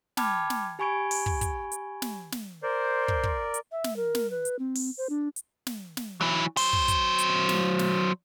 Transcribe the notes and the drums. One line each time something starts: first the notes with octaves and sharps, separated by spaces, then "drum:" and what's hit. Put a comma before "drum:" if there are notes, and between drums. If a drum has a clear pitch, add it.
G5 A5 B5 D6 F6 G#6, drum: snare
drum: snare
G4 G#5 B5 C#6 G#6 D7
drum: open hi-hat
drum: kick
drum: kick, hi-hat
drum: hi-hat
drum: snare
drum: snare
A#4 C5 D5
drum: kick
drum: kick
drum: hi-hat
E5
drum: snare
A#4
drum: snare
B4
drum: hi-hat
C4
drum: open hi-hat
C5
D4
drum: hi-hat
drum: snare
drum: snare
E3 F#3
F#3 C5, drum: open hi-hat
drum: kick
drum: kick, hi-hat
drum: hi-hat
drum: snare
drum: snare